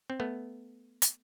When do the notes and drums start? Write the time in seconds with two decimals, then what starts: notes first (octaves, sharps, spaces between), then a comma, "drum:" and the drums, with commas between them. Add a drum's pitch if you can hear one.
0.10 C4
0.20 A3 B3
1.02 drum: hi-hat